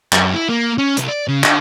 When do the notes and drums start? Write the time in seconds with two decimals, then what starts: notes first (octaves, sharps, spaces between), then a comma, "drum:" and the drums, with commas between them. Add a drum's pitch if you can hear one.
0.13 F#2, drum: clap
0.33 E4
0.49 A#3
0.78 C#4
0.97 C2, drum: hi-hat
1.08 D5
1.28 C#3
1.44 D3, drum: clap